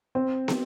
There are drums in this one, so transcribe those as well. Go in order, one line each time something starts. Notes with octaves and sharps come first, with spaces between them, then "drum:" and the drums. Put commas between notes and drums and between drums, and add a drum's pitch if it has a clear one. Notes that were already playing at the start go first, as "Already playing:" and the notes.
C4
drum: snare